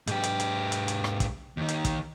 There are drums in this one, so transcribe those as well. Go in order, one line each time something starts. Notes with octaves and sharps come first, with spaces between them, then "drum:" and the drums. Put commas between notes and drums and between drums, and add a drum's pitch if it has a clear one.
G#2 G4, drum: hi-hat
drum: hi-hat
drum: hi-hat
drum: hi-hat
drum: hi-hat
drum: rim click
drum: kick, hi-hat
D#2 D#3
drum: hi-hat
drum: kick, hi-hat